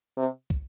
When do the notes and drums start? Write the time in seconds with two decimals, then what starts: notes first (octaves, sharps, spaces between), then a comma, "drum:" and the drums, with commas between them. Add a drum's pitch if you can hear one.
0.17 C3
0.50 drum: kick, tambourine